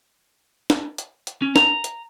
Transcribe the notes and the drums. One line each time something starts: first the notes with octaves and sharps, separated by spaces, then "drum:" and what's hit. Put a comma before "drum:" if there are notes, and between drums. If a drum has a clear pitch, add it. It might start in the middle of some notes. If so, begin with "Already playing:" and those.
drum: snare
drum: hi-hat
drum: hi-hat
C#4
A#5, drum: snare
drum: hi-hat